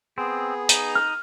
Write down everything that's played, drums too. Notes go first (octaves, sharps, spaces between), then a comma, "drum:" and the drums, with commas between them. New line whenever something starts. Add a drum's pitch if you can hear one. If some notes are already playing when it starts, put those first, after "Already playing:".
B3 C4 G#4
D#4, drum: hi-hat
F6